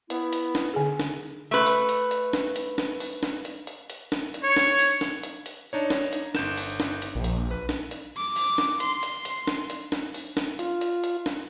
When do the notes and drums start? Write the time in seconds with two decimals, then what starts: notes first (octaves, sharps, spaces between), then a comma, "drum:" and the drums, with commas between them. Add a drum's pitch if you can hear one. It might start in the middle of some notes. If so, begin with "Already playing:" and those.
0.10 B3 E4, drum: hi-hat
0.33 drum: hi-hat
0.55 drum: snare
0.73 D3 G#4
1.00 drum: snare
1.51 A3 B4
1.66 drum: hi-hat
1.89 drum: hi-hat
2.11 drum: hi-hat
2.33 drum: snare
2.56 drum: hi-hat
2.78 drum: snare
3.00 drum: open hi-hat
3.23 drum: snare
3.45 drum: hi-hat
3.67 drum: hi-hat
3.90 drum: hi-hat
4.12 drum: snare
4.34 drum: hi-hat
4.44 C#5
4.57 drum: snare
4.79 drum: open hi-hat
5.01 drum: snare
5.23 drum: hi-hat
5.46 drum: hi-hat
5.73 D4 D#4 C#5
5.90 drum: snare
6.13 drum: hi-hat
6.35 G1 G6 E7, drum: snare
6.57 drum: open hi-hat
6.80 drum: snare
7.02 drum: hi-hat
7.15 A#1
7.24 drum: hi-hat
7.51 B4
7.69 drum: snare
7.91 drum: hi-hat
8.17 D6
8.36 drum: open hi-hat
8.58 drum: snare
8.80 C6, drum: hi-hat
9.03 drum: hi-hat
9.25 drum: hi-hat
9.47 drum: snare
9.70 drum: hi-hat
9.92 drum: snare
10.14 drum: open hi-hat
10.37 drum: snare
10.59 F4, drum: hi-hat
10.81 drum: hi-hat
11.04 drum: hi-hat
11.26 drum: snare